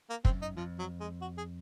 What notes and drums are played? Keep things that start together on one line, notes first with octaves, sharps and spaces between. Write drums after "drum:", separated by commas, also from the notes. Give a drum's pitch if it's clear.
A#3
F#2 C4, drum: kick
D#4
F2 F3
F#3
G#3
F#4
G#4